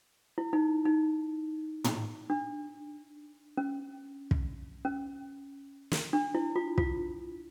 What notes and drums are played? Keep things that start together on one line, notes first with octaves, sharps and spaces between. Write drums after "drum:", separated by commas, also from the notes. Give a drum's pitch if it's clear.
E4
D#4
D#4
drum: tom
D4
C#4
drum: kick
C#4
drum: snare
D4
E4
F4
F4, drum: kick